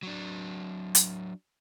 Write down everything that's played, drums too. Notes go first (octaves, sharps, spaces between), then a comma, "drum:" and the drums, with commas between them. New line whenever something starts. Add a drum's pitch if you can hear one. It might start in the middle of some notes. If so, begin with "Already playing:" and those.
F#3 D4
drum: hi-hat